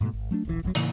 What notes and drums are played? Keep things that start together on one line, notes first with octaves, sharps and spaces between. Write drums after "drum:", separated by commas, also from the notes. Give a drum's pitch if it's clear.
G#2 B2 E3 A3
G#1
F#3 A3 A#3 D4
D1 A#1 C3 E3
G1 F#2 C3 F#3
A2 C#3 E3 A#3, drum: hi-hat